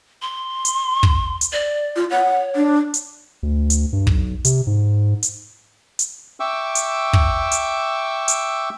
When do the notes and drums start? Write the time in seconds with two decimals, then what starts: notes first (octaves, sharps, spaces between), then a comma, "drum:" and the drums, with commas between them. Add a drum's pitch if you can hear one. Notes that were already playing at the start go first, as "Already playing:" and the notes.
0.22 C6
0.65 drum: hi-hat
1.03 drum: kick
1.41 drum: hi-hat
1.53 D5
1.96 F4
2.11 C#5 F#5
2.56 D4
2.94 drum: hi-hat
3.43 D2
3.70 drum: hi-hat
3.93 G2
4.07 B1, drum: kick
4.45 C3, drum: hi-hat
4.67 G#2
5.23 drum: hi-hat
5.99 drum: hi-hat
6.40 E5 G5 C#6 D6 E6
6.75 drum: hi-hat
7.13 drum: kick
7.51 drum: hi-hat
8.28 drum: hi-hat